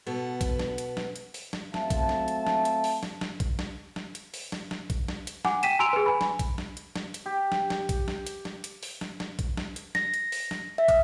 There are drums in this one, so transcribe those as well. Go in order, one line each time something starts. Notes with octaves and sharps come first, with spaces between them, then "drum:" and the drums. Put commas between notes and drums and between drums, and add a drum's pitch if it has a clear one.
B2 B3 A4
drum: kick, hi-hat
drum: snare
drum: hi-hat
drum: snare
drum: hi-hat
drum: open hi-hat
drum: snare
F#3 A3 C4 F4 E5 A5, drum: snare
drum: kick, hi-hat
drum: snare
drum: hi-hat
drum: snare
drum: hi-hat
drum: open hi-hat
drum: snare
drum: snare
drum: kick, hi-hat
drum: snare
drum: snare
drum: hi-hat
drum: open hi-hat
drum: snare
drum: snare
drum: kick, hi-hat
drum: snare
drum: hi-hat
F#5 G#5 D6, drum: snare
G5 B6 D#7 E7, drum: hi-hat
G#5 A#5 C6 E6 D7 F7
G#4 B4
G#5 B5
drum: snare
drum: kick, hi-hat
drum: snare
drum: hi-hat
drum: snare
drum: hi-hat
G4
drum: snare
drum: snare
drum: kick, hi-hat
drum: snare
drum: hi-hat
drum: snare
drum: hi-hat
drum: open hi-hat
drum: snare
drum: snare
drum: kick, hi-hat
drum: snare
drum: hi-hat
A#6, drum: snare
drum: hi-hat
drum: open hi-hat
drum: snare
E5
drum: kick, hi-hat